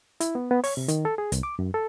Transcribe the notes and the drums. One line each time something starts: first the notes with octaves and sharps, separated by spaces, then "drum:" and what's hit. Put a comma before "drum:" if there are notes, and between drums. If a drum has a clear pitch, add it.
E4, drum: hi-hat
B3
B3
C#5, drum: open hi-hat
C3
D#3, drum: hi-hat
A4
G#4
C2, drum: hi-hat
D6
F#2
A4